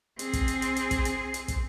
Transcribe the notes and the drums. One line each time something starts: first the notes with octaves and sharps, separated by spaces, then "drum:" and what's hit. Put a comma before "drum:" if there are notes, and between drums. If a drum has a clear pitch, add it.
C4 G#4, drum: hi-hat
drum: kick, hi-hat
drum: hi-hat
drum: hi-hat
drum: hi-hat
drum: kick, hi-hat
drum: hi-hat
drum: hi-hat
drum: kick, hi-hat